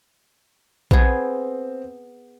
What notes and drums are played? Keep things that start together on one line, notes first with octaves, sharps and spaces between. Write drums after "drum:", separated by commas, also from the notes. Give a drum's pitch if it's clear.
B3 C4 G#4, drum: kick A#1